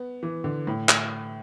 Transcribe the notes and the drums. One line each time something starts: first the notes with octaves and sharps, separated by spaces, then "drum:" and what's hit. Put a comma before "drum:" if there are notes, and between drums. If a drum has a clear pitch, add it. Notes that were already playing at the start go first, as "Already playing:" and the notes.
Already playing: B3
E3
D3
A2
drum: clap